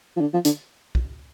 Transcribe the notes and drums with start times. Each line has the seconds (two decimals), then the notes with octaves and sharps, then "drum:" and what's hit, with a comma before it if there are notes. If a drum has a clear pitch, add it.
0.16 F3
0.21 D3
0.33 F3
0.45 D3, drum: hi-hat
0.95 drum: kick